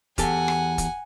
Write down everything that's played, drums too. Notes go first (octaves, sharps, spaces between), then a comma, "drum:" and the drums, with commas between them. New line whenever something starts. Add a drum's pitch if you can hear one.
E2 G4 A4 F#5 G#5, drum: kick, hi-hat
drum: rim click
drum: kick, hi-hat